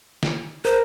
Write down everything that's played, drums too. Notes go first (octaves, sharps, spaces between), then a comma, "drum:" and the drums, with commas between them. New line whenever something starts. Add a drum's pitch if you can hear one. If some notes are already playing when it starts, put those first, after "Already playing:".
drum: snare
A#4 C5